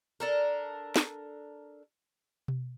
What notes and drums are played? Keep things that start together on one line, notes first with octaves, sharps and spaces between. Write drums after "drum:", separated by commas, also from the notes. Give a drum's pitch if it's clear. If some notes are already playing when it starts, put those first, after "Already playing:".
D4 A4 A#4
drum: snare
drum: tom B2